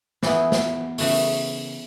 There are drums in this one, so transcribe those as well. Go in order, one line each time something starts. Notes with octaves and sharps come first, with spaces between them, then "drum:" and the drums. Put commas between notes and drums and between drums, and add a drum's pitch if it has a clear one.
E3 B3 E4 G#4, drum: snare
drum: snare
C#3 E3 A3, drum: open hi-hat